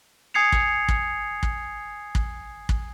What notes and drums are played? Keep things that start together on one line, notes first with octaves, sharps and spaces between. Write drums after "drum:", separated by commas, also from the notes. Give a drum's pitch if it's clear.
G#5 D#6 G#6 C7 C#7 F7
drum: kick
drum: kick
drum: kick
drum: kick
drum: kick